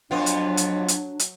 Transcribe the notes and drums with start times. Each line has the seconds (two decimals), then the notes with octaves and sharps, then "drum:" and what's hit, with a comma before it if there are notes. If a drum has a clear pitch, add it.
0.11 F2 F#3 B3 D4 F4
0.26 drum: hi-hat
0.57 drum: hi-hat
0.88 drum: hi-hat
1.19 drum: hi-hat